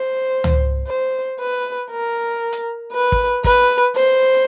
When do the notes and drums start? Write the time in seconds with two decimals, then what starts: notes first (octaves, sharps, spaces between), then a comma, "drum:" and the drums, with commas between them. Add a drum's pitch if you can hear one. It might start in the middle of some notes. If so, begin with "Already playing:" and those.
Already playing: C5
0.44 drum: tom C#2
0.88 C5
1.39 B4
1.91 A#4
2.52 drum: hi-hat
2.93 B4
3.12 drum: kick
3.44 B4, drum: kick
3.95 C5